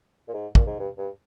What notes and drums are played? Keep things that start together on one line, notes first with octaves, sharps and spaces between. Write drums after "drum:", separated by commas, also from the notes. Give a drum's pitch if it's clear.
A#2
G#2
A#2, drum: kick
G#2
G2
G2